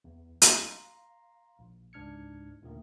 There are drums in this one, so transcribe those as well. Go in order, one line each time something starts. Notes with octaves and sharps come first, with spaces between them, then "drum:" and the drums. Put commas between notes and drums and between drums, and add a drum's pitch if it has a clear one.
E2
F5 A#5 C6, drum: hi-hat
A#1
C#2 G#2 D4 F6 G#6 C#7
D#2 A#2 D3 D#3 A3